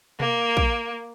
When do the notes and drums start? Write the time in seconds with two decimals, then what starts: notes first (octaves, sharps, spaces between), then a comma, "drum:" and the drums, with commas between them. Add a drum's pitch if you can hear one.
0.20 A#3, drum: tom B2
0.57 drum: kick